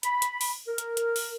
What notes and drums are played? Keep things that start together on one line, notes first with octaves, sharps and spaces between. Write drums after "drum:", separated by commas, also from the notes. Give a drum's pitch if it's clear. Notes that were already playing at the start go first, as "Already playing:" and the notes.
B5, drum: hi-hat
drum: hi-hat
drum: open hi-hat
A#4
drum: hi-hat
drum: hi-hat
drum: open hi-hat